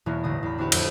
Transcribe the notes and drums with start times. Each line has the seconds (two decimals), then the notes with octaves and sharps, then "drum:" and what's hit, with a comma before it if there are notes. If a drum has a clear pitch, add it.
0.06 E2 B2 E3 A#3 B3 C#4
0.23 A1 D3 D#6 A#6
0.43 E2 B5
0.58 C4 D4 E4 F#4 G4 B4
0.72 F2 G4, drum: cymbal